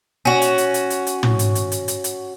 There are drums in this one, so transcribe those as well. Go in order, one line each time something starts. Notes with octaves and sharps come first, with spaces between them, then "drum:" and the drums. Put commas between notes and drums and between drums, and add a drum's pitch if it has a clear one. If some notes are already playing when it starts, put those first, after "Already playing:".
C#4 F#4
drum: hi-hat
drum: hi-hat
drum: hi-hat
drum: hi-hat
drum: hi-hat
drum: tom
drum: hi-hat
drum: hi-hat
drum: hi-hat
drum: hi-hat
drum: hi-hat